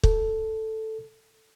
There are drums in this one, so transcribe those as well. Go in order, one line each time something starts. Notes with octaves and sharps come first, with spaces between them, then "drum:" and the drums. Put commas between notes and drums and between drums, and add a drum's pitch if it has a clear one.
A4, drum: kick